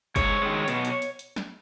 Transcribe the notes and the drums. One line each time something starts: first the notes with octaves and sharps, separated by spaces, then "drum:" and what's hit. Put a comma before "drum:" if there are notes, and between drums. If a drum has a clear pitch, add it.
G#2 C#5, drum: kick F#1, hi-hat
D#3 G#3
B2, drum: hi-hat
drum: hi-hat
drum: hi-hat
drum: hi-hat
drum: snare